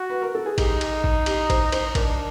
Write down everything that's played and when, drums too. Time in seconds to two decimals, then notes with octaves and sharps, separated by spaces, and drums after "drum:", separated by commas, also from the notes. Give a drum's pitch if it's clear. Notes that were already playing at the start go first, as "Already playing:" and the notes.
Already playing: F#4
0.10 B4
0.22 A#4
0.35 A4
0.46 G#4
0.58 D#4 G4, drum: kick A1, cymbal
0.81 drum: cymbal
1.04 drum: kick A1
1.26 G4, drum: cymbal
1.50 C5, drum: kick A1, cymbal
1.72 C5, drum: cymbal
1.95 D4 A#4, drum: kick A1, cymbal